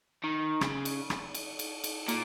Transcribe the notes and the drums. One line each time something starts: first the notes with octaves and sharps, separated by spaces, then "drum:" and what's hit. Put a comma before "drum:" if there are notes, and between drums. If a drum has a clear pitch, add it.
D#3
C#3, drum: rim click
drum: cymbal
drum: rim click
drum: cymbal
drum: cymbal
drum: cymbal
A#2, drum: cymbal